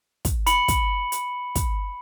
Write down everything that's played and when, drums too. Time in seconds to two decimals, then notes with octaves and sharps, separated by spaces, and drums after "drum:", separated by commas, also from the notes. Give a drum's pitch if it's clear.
0.25 drum: kick, hi-hat
0.47 B5 C#7 F#7, drum: hi-hat
0.68 drum: kick, hi-hat
1.12 drum: hi-hat
1.55 drum: kick, hi-hat